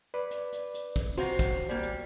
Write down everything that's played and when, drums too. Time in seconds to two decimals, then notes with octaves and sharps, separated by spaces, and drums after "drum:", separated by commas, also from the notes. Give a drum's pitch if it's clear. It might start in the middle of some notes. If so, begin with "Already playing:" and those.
0.14 B4 D5
0.31 drum: hi-hat
0.52 drum: hi-hat
0.74 drum: hi-hat
0.96 drum: kick, hi-hat
1.18 C3 F4 F#4 C5 A#5, drum: open hi-hat
1.39 drum: kick, hi-hat
1.69 G3 A#3
1.83 drum: hi-hat